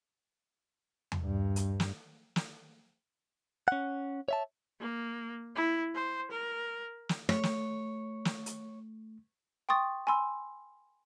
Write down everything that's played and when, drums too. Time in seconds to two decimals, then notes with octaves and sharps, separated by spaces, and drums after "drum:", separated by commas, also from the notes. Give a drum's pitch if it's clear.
1.12 drum: tom E2
1.24 G2
1.56 drum: hi-hat
1.80 drum: snare
2.36 drum: snare
3.68 C#4 F#5
4.28 C#5 E5 A5
4.80 A#3
5.56 E4
5.95 C5
6.31 A#4
7.09 drum: snare
7.29 A3 C#5, drum: rim click
7.43 drum: snare
8.25 drum: snare
8.46 drum: hi-hat
9.69 G5 C6 C#6 D#6 A6
10.07 G#5 B5 C6 E6